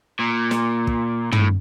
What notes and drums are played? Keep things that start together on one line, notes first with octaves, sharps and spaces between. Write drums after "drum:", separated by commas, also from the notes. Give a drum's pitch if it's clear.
A#2
drum: snare
drum: kick
A2, drum: tom